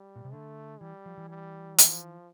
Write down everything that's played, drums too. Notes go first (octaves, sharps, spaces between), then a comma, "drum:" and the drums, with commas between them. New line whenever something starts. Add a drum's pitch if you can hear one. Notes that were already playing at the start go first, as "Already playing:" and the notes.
Already playing: G3
A#2
C3
D3 A3
E3 G3
F3
E3
G3
F3, drum: hi-hat